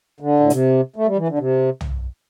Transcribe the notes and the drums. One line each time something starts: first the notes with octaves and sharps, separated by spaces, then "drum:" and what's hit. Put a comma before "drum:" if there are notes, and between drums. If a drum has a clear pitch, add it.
D3
A2
C3, drum: hi-hat
A3
G3
E3
D3
C3
drum: tom